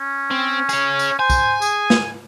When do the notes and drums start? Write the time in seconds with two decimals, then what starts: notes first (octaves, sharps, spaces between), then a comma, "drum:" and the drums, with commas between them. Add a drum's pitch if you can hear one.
0.01 C#4
0.31 C4
0.69 G#4 C#5, drum: tambourine
0.99 drum: tambourine
1.19 C5 G#5
1.30 drum: kick, tambourine
1.62 G#4, drum: tambourine
1.90 drum: snare